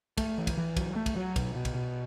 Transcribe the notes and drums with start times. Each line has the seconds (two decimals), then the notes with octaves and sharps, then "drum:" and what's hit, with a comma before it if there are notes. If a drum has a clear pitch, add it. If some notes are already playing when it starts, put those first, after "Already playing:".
0.18 A3, drum: kick, cymbal
0.38 E3
0.47 drum: kick, cymbal
0.58 E3
0.77 F#3, drum: kick, cymbal
0.96 A3
1.06 drum: kick, cymbal
1.16 F#3
1.36 B2, drum: kick, cymbal
1.55 B2
1.65 drum: kick, cymbal
1.75 B2